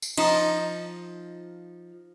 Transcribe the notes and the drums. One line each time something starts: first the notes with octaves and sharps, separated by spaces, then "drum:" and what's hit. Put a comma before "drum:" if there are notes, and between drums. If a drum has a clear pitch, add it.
drum: tambourine
F3 D#4, drum: cymbal